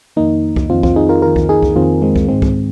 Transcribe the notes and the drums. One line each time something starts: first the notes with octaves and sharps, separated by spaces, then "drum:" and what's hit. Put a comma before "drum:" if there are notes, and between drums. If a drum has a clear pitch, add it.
F2 D#3 A#3 D#4
drum: kick C2
F2 D#3 C4 F4
C4 F4, drum: kick C2
D#4 G#4
F4 A#4
F2 D#3 F4 A#4
drum: kick C2
D#4 G#4
drum: kick C2
F2 D#3 C4 F4
G#3 C4
drum: kick C2
G#2 D#3 G#3 C4
drum: kick C2